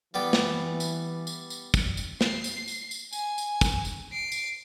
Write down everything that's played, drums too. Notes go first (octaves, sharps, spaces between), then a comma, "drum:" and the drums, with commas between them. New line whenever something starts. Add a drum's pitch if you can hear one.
E3 G3 B3 G4
drum: snare
drum: tambourine
drum: tambourine
drum: tambourine
drum: kick, tambourine
drum: tambourine
C7, drum: snare
drum: tambourine
drum: tambourine
drum: tambourine
G#5, drum: tambourine
drum: tambourine
drum: kick, tambourine
drum: tambourine
C7 D7
drum: tambourine